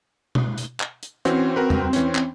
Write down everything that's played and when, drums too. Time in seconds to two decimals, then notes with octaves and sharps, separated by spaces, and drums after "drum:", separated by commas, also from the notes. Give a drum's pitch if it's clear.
0.35 drum: tom B2
0.58 drum: hi-hat
0.80 drum: clap
1.03 drum: hi-hat
1.25 E3 C4 C#4 F#4, drum: hi-hat
1.56 F#4 A#4 B4
1.70 drum: tom E2
1.93 E3 C#4, drum: hi-hat
2.15 drum: clap